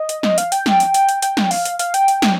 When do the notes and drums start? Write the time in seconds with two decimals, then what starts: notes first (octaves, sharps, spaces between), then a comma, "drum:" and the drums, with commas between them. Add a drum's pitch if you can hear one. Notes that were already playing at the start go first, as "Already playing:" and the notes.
Already playing: D#5
0.09 drum: hi-hat
0.23 drum: snare
0.38 F5, drum: hi-hat
0.52 G5, drum: hi-hat
0.66 drum: snare
0.80 drum: hi-hat
0.94 drum: hi-hat
1.09 drum: hi-hat
1.22 G5, drum: hi-hat
1.37 drum: snare
1.51 F5, drum: open hi-hat
1.65 drum: hi-hat
1.79 F5, drum: hi-hat
1.94 G5, drum: hi-hat
2.08 drum: hi-hat
2.22 drum: snare